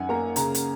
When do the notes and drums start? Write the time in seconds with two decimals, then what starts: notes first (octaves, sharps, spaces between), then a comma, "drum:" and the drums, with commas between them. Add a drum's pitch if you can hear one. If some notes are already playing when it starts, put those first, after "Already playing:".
Already playing: F#2 D#3 F#5 G#5
0.09 A#3 A#5
0.36 C#3 A#5, drum: hi-hat
0.55 drum: hi-hat